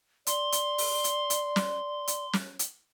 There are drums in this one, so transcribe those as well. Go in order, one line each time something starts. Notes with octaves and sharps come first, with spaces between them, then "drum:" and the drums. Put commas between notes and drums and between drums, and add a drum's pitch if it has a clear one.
D5 C6, drum: hi-hat
drum: hi-hat
drum: open hi-hat
drum: hi-hat
drum: hi-hat
drum: snare
drum: hi-hat
drum: snare
drum: hi-hat